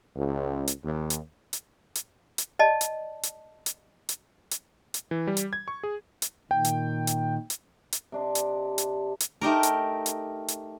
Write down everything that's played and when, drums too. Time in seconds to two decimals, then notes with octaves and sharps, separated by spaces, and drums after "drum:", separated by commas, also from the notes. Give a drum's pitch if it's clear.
0.16 C#2
0.68 drum: hi-hat
0.84 D#2
1.10 drum: hi-hat
1.53 drum: hi-hat
1.95 drum: hi-hat
2.38 drum: hi-hat
2.59 D5 D#5 A5
2.81 drum: hi-hat
3.23 drum: hi-hat
3.66 drum: hi-hat
4.09 drum: hi-hat
4.51 drum: hi-hat
4.94 drum: hi-hat
5.11 E3
5.27 G3
5.37 drum: hi-hat
5.53 G#6
5.68 C#6
5.83 G#4
6.22 drum: hi-hat
6.51 A#2 D#3 G5
6.65 drum: hi-hat
7.07 drum: hi-hat
7.50 drum: hi-hat
7.93 drum: hi-hat
8.12 C3 D4 D#5
8.35 drum: hi-hat
8.78 drum: hi-hat
9.20 drum: hi-hat
9.41 A3 D#4 G4 A#4
9.63 drum: hi-hat
10.06 drum: hi-hat
10.48 drum: hi-hat